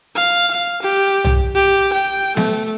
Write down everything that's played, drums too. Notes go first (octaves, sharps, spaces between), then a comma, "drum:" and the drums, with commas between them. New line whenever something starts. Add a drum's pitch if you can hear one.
F5
F5
G4
drum: tom
G4
G5
A3, drum: snare B3